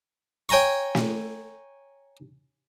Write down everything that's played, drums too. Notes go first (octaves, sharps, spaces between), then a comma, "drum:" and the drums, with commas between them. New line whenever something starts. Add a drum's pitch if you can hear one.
C#5 G5 G#5 A#5 C#6
drum: snare